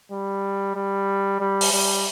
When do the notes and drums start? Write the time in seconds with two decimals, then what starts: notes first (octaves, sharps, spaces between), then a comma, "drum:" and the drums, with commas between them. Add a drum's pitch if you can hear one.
0.12 G3
0.75 G3
1.40 G3
1.61 drum: open hi-hat
1.72 G3